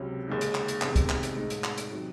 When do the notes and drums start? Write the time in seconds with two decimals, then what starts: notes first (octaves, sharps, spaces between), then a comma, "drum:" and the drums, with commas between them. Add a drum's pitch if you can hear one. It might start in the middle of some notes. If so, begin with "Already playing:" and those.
Already playing: C#2 C3 F#3 C#4
0.28 D#2 C#3 G#3 D#4
0.41 drum: hi-hat
0.55 drum: clap
0.68 drum: hi-hat
0.81 E2 C3 D#3 G#3, drum: clap
0.96 drum: kick, hi-hat
1.09 drum: clap
1.23 drum: hi-hat
1.36 A2 G#3 D#4
1.50 drum: hi-hat
1.64 drum: clap
1.78 drum: hi-hat
1.92 C3 D#3 F#3